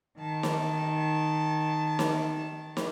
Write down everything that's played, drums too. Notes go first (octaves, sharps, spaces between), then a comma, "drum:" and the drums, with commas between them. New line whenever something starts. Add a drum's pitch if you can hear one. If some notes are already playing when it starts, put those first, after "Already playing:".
D#3 A5
drum: snare
drum: snare
drum: snare